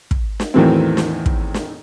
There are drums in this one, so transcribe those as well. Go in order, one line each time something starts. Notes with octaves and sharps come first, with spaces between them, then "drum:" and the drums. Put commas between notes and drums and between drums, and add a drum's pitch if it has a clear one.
drum: kick
drum: snare
E2 A2 D#3 E3 F#3 C4
drum: snare
drum: kick
drum: snare